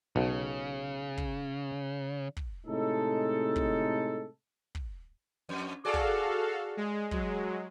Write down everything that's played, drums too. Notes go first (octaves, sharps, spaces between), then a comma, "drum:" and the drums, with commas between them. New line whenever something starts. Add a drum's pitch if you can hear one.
B1 C#3
drum: kick
drum: kick
A2 C3 G#3 D#4 A4
drum: kick
drum: kick
F2
F#4 G#4 A4 D5 F5
drum: kick
G#3
F#3 G#3, drum: kick